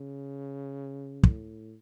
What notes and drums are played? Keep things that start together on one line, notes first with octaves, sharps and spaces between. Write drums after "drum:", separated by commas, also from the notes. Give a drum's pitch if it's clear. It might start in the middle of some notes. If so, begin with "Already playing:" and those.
Already playing: C#3
A2, drum: kick